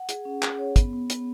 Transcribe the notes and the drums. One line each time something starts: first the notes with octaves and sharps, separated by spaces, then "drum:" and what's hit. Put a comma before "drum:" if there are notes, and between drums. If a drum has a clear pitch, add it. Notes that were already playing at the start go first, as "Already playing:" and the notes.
Already playing: F#5
G#4, drum: hi-hat
C#4
G#4, drum: clap
C#5
B3, drum: kick, hi-hat
B3
B3, drum: hi-hat